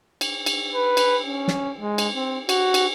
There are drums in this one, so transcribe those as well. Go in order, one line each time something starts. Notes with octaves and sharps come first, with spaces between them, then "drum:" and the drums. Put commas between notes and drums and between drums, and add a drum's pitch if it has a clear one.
drum: cymbal
drum: cymbal
B4
drum: cymbal
C#4
drum: snare
G#3
drum: cymbal
C4
F#4, drum: cymbal
drum: cymbal